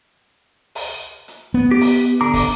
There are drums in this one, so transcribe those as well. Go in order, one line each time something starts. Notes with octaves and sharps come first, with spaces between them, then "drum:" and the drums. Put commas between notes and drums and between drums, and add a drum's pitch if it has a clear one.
drum: open hi-hat
drum: hi-hat
B3
G4
drum: open hi-hat
D3 A#5 D6
drum: kick, open hi-hat